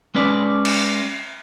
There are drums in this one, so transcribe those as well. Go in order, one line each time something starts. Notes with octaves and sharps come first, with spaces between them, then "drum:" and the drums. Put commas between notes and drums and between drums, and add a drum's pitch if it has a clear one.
G#3 C#4 B4 D5
drum: cymbal